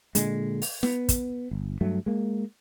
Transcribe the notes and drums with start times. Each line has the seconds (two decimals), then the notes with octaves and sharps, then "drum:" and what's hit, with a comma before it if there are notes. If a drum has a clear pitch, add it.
0.15 A#2 D3 G#3, drum: hi-hat
0.62 drum: open hi-hat
0.83 B3, drum: snare
1.09 drum: kick, hi-hat
1.51 G1
1.81 G2 F#3 A3
2.06 G#3 A#3